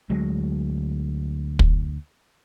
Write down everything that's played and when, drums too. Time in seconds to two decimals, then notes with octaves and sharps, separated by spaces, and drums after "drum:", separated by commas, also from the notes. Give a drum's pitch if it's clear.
0.10 D2 F#3 G#3
1.59 drum: kick